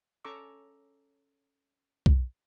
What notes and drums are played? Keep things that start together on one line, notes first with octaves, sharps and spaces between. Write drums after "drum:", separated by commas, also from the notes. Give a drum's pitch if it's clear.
C#4 A4 A#5 C#6 D6 E6
drum: kick